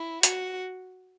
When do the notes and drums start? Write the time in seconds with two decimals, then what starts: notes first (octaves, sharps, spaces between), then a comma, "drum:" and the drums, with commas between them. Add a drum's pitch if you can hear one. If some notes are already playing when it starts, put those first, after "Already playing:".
Already playing: E4
0.23 F#4, drum: hi-hat